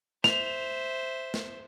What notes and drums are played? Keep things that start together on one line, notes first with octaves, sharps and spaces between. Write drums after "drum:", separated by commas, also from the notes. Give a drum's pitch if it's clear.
C5 E5 F7, drum: snare
drum: snare